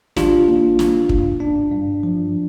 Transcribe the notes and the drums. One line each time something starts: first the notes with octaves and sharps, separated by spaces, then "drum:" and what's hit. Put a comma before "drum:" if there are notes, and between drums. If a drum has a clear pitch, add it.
A1 D4 F4, drum: snare
A#3
A1, drum: snare
G2, drum: kick
G2 D4
G2
F3